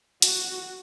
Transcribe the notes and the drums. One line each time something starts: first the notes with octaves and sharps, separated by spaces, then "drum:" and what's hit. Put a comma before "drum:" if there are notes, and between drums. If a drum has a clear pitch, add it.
F#4, drum: hi-hat